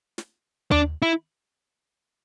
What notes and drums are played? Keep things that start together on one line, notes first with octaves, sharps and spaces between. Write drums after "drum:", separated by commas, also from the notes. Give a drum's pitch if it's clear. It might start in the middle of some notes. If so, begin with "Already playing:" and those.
drum: snare
D4, drum: tom D#2
E4